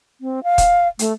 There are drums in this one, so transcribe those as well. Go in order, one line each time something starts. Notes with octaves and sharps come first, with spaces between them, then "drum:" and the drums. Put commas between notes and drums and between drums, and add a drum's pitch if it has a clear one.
C4
F5
drum: kick D#1, hi-hat
A3, drum: hi-hat